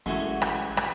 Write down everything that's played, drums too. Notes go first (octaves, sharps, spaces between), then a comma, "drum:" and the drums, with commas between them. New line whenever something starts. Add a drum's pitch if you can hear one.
A1 F#2 E3 G#3 A3 F#4 F#5 G#6
drum: rim click
drum: rim click